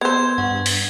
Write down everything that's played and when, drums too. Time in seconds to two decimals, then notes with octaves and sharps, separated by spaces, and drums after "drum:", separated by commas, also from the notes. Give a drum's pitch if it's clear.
0.01 B3 B4 C5 G#6
0.38 G2 F#5 C#6
0.66 drum: open hi-hat